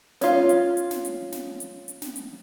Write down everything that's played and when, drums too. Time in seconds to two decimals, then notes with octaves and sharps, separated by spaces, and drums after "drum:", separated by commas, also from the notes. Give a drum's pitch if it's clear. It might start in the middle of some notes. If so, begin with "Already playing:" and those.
0.21 C#4 F4, drum: snare
0.49 drum: hi-hat
0.77 drum: hi-hat
0.91 drum: snare
1.05 drum: hi-hat
1.32 drum: snare
1.60 drum: hi-hat
1.88 drum: hi-hat
2.02 drum: snare
2.16 drum: hi-hat